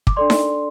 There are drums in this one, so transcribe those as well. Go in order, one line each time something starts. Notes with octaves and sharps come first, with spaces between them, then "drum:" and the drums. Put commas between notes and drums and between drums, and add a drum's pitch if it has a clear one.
D6, drum: kick
D4 A4 D5 C6
drum: snare D#4